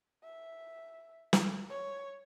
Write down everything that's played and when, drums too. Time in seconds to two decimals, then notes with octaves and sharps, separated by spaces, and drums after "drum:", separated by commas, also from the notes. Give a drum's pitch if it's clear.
0.23 E5
1.33 drum: snare
1.69 C#5